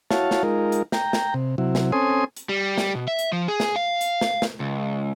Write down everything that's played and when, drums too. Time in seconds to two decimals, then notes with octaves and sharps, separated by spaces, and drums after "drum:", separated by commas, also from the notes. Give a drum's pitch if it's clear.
0.11 E4 F#4 C#5 F5 A5, drum: snare
0.31 drum: snare
0.43 G#3 D#4 F4 A#4
0.72 drum: hi-hat
0.92 G5 A#5, drum: snare
1.13 drum: snare
1.34 C3
1.58 C3 F#3 E4
1.75 drum: snare
1.92 C4 C#4 A4 G#5 C6 D#6
2.37 drum: hi-hat
2.49 G3
2.78 drum: snare
2.95 B2
3.08 E5
3.19 drum: hi-hat
3.32 F3
3.48 G#4
3.60 drum: snare
3.76 F5
4.01 drum: hi-hat
4.21 drum: snare
4.42 drum: snare
4.60 C#2